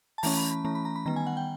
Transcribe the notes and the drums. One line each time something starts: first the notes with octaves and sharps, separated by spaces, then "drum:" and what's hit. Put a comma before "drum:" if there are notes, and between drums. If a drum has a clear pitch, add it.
A5
E3 A3 C#4 A#5, drum: open hi-hat
B5
B5
E3 A3 C#4 A#5
B5
A#5
B5
D#3 G3 B3 A#5
G#5
F#5
G5